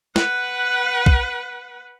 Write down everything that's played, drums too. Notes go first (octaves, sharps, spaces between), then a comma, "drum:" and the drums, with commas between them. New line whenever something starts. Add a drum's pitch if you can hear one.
B4 F#5, drum: snare
drum: kick